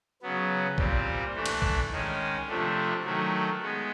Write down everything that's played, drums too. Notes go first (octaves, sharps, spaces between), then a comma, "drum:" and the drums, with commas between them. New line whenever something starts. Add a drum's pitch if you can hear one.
C#3 F#3 B3
A#2 G3 C4, drum: kick
E3 A3 D4
drum: cymbal
drum: kick
D#3 G#3 C#4
C3 F3 A3 D4
D#3 F#3 A3
G#3 B3